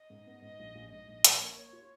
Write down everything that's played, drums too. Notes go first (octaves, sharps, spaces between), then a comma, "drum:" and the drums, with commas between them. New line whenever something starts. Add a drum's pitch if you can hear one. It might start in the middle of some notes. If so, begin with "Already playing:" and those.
Already playing: D#5
G#2
B3
G#2 D#5
A#1
A#1
G#2 D#5
A#1
A#1, drum: hi-hat
A#3 C#5
A#3
F4